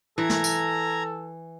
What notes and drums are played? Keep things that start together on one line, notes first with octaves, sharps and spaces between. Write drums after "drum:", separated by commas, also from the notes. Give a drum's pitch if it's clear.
E3 A4 A#5 G#6
drum: snare
drum: tambourine